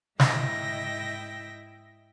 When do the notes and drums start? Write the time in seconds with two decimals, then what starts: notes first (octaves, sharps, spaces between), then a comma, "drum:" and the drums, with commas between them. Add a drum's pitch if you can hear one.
0.20 G#2 E4 D#5 E5 G5 A#6, drum: snare